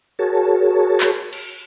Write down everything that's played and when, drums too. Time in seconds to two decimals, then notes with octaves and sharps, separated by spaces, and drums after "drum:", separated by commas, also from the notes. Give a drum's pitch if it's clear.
0.19 F#4 G#4 A#4 C#5 A5
1.00 drum: clap
1.33 drum: cymbal